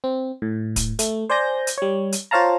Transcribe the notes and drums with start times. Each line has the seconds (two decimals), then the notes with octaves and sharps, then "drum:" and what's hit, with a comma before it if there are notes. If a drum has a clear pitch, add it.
0.04 C4
0.42 A2
0.76 drum: kick, hi-hat
0.99 A3, drum: hi-hat
1.30 C5 D5 G#5 G6 A#6
1.67 drum: hi-hat
1.78 G3 C#5
2.12 drum: hi-hat
2.31 F4 C5 C#5 F5 A5 A#5